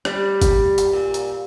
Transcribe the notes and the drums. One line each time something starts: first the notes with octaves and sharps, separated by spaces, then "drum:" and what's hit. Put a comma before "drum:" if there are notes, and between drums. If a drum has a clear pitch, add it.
G3, drum: rim click
drum: kick G1, hi-hat
drum: hi-hat
A#2
drum: hi-hat